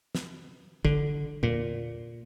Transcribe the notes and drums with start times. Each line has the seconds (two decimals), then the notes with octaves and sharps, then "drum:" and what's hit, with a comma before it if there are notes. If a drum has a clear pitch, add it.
0.15 drum: snare
0.85 D3, drum: kick
1.43 A#2, drum: tom E2